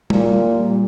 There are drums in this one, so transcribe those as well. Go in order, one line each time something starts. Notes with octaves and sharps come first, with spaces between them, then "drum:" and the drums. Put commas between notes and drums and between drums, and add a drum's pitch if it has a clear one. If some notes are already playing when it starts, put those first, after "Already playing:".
A#2, drum: tom G3
G3